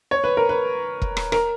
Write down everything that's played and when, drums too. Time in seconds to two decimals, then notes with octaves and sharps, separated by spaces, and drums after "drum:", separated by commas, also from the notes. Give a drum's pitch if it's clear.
0.11 C#5
0.24 B4
0.37 A#4
0.49 B4
1.02 drum: kick E1
1.17 drum: rim click
1.32 A#4, drum: rim click